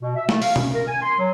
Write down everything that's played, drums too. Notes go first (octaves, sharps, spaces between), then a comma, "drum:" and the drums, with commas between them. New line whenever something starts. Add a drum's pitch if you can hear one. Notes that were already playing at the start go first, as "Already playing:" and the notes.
B2
E5
A3, drum: snare
F5, drum: open hi-hat
C#4, drum: tom
A#4
G#5
C6
F#3